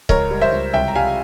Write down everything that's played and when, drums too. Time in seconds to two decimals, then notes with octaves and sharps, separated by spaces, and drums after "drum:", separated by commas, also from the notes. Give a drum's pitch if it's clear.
0.09 C#2 A#4 C#5, drum: kick C#1
0.31 G3
0.41 C5 E5
0.52 C#2
0.73 C2 E5 G5
0.88 A#5
0.95 G3 F5 G#5